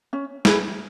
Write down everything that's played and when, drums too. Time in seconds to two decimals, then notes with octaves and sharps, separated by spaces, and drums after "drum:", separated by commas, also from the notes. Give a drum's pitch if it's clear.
0.13 C#4
0.45 E4 G#4 B4, drum: snare